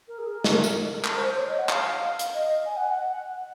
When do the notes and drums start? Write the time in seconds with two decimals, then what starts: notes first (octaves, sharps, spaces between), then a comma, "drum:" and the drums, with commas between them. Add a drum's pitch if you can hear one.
0.08 A#4
0.18 G#4
0.29 A#4
0.44 drum: snare
0.64 drum: tambourine
1.05 A#4, drum: clap
1.16 C5
1.26 C5
1.37 C#5
1.48 D#5
1.58 F#5
1.69 F5, drum: clap
2.19 drum: hi-hat
2.34 D#5
2.45 D#5
2.66 G#5
2.76 F#5
2.88 F#5